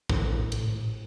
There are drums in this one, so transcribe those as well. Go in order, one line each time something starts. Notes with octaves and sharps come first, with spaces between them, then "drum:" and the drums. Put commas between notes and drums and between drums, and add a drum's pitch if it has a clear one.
A2, drum: kick
drum: cymbal